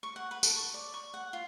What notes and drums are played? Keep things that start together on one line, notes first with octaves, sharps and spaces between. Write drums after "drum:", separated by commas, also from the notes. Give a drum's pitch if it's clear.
C#6
F#5
B4
A4, drum: tambourine
C#6
D5
C#6
F#5
F4